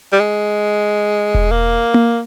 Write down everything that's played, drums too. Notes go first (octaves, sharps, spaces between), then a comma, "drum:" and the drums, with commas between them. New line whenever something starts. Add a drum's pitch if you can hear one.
G3
G#3
drum: kick E1
A#3
drum: tom A#3